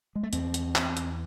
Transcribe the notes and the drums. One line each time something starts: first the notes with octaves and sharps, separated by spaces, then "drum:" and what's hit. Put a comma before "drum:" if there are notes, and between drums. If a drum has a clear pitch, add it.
G#3
A3
E2 C4, drum: hi-hat
drum: hi-hat
E2, drum: clap
drum: hi-hat